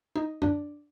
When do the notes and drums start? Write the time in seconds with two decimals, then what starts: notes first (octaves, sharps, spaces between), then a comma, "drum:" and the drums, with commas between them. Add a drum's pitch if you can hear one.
0.16 D#4
0.42 D4, drum: tom